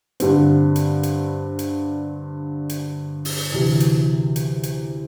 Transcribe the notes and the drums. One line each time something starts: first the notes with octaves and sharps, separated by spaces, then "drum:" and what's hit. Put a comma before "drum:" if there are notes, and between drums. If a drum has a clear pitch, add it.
G2 D3 G3 C4, drum: hi-hat
drum: hi-hat
drum: hi-hat
drum: hi-hat
drum: hi-hat
drum: open hi-hat
D2 C3 E3
drum: hi-hat
drum: hi-hat
drum: hi-hat